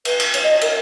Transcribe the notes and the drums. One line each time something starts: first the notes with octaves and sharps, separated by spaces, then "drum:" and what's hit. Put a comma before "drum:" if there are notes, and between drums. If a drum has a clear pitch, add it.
B4, drum: cymbal
drum: cymbal
C#5, drum: cymbal
D#5
C#5
A#4, drum: cymbal